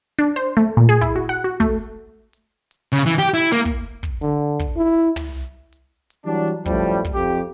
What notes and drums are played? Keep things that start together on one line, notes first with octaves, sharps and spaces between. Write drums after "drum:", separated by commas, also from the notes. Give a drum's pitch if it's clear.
D4
C5
A3
A#2
G#4
E4, drum: kick
F#4
F#5
F#4
A3, drum: kick, open hi-hat
drum: hi-hat
drum: hi-hat
C#3
E3, drum: hi-hat
G4
E4
A#3
drum: kick
drum: kick
D3, drum: hi-hat
drum: kick, open hi-hat
E4
drum: tom
drum: hi-hat
drum: hi-hat
drum: hi-hat
E3 F#3 G3 D4
drum: hi-hat
F#2 A2 F3 G3, drum: kick
drum: kick
F2 G4
drum: hi-hat